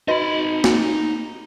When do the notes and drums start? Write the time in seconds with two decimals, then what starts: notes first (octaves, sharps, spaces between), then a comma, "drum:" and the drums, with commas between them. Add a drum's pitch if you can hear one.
0.08 D#4 F#4 B4 D#5 B5
0.64 drum: snare